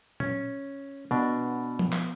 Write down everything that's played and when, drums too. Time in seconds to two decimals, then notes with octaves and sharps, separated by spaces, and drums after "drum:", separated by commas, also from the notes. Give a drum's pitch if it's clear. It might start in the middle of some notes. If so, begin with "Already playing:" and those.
0.20 C#4, drum: tom A#2
1.11 B2 B3 D4
1.79 drum: tom F3
1.93 drum: clap